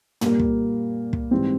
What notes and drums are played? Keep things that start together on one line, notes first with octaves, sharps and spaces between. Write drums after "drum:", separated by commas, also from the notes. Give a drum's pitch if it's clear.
A#2 G3 A#3, drum: tom
drum: kick
drum: kick
G#2 E3 G3 C4